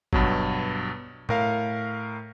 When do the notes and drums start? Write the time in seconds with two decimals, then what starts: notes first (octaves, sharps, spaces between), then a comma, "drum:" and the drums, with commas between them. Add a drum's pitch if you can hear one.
0.13 G2 B2 F#3, drum: kick
1.29 A2 A#4 F5, drum: tom A2